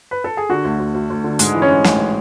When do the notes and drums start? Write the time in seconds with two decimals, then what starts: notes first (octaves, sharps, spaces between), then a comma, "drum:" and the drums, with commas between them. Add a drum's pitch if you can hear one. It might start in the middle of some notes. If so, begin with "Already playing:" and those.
0.11 B4
0.24 A4
0.37 G#4
0.49 D3 F#4
0.65 D2
0.80 D2
0.94 D2
1.10 D2
1.24 D3
1.39 G#2 G#3 G#4, drum: hi-hat
1.54 E3
1.62 C#4 C#5
1.69 G#2
1.84 A1, drum: snare